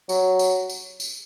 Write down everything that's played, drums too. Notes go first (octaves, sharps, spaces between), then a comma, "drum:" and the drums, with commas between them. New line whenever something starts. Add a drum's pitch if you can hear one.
F#3, drum: tambourine
drum: tambourine
drum: tambourine
drum: tambourine